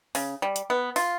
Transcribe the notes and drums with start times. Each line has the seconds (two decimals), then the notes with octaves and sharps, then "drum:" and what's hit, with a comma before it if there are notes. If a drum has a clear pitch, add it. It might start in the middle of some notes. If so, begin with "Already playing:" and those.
0.15 C#3, drum: open hi-hat
0.42 G3
0.56 drum: hi-hat
0.70 B3
0.96 F4, drum: open hi-hat